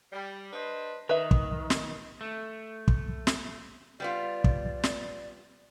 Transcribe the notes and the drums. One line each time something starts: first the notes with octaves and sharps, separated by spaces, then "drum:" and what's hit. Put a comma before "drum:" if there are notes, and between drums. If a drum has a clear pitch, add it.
G3
D4 B4 C5 D#5
D#3 B4 E5
drum: kick
drum: snare
A3
drum: kick
drum: snare
G3 B3 F4 D5
drum: kick
drum: snare